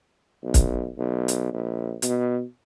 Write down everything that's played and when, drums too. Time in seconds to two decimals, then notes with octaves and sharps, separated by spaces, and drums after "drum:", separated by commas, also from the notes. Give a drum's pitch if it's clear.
0.43 B1
0.54 drum: kick, hi-hat
0.98 B1
1.28 drum: hi-hat
1.53 A#1
2.02 B2, drum: hi-hat